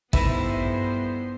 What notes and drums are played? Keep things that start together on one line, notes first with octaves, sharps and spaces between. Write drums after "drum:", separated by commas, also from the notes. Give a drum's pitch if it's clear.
G2 A3 B3 D#4 E4 B4 C5 E5, drum: kick